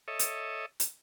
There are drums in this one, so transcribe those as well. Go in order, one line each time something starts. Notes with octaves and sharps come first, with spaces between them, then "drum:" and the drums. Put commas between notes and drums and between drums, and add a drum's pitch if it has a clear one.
A4 C#5 D#5 E5
drum: hi-hat
drum: hi-hat